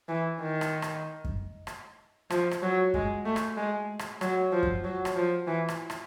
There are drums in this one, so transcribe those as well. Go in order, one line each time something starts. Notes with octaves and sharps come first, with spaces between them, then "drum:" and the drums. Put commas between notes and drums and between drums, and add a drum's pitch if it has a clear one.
E3
D#3
drum: rim click
drum: rim click
drum: kick F#2
drum: rim click
F3, drum: rim click
drum: rim click
F#3
G#3, drum: kick F#2
A3
drum: rim click
G#3
drum: rim click
F#3, drum: rim click
F3
drum: kick F#2
F#3
drum: rim click
F3
E3
drum: rim click
drum: rim click